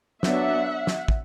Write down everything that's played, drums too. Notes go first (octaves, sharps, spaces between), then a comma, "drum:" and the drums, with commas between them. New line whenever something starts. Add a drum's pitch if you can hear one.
F#3 B3 D4 E5 F#5, drum: snare
drum: snare
drum: kick